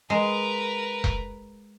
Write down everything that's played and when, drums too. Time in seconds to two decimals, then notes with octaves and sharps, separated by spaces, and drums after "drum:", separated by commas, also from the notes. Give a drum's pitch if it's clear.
0.10 G#3 A#4 B4
1.04 drum: kick E1